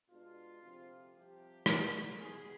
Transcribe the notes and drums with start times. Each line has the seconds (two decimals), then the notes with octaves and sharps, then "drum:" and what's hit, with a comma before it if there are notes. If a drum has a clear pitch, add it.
0.10 B2 G#3 D4 F4
0.61 D2 C3 F3
1.14 C2 C3 F3 G4
1.66 D2 D3 G3, drum: rim click
2.18 B2 B3 D#4 G#4